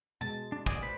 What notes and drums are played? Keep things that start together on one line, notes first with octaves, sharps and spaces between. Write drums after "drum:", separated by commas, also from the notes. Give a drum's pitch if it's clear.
B2 G#3 A5
D4
G#4 D5 D#5 G#5, drum: kick
B4 C5 B5